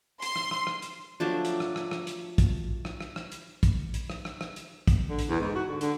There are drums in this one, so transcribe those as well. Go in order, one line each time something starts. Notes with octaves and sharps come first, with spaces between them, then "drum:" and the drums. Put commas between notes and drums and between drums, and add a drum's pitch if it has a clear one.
C6, drum: hi-hat
drum: rim click
drum: rim click
drum: rim click
drum: hi-hat
F3 F#3 A3 D4
drum: hi-hat
drum: rim click
drum: rim click
drum: rim click
drum: hi-hat
drum: kick, hi-hat
drum: rim click
drum: rim click
drum: rim click
drum: hi-hat
drum: kick, hi-hat
drum: hi-hat
drum: rim click
drum: rim click
drum: rim click
drum: hi-hat
drum: kick, hi-hat
D3
drum: hi-hat
E2
G#2
F#4
D3
D3, drum: hi-hat